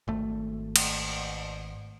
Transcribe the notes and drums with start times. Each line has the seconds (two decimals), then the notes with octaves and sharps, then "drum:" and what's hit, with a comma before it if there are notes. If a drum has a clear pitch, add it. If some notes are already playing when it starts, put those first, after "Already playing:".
0.08 G#1 A3
0.76 drum: cymbal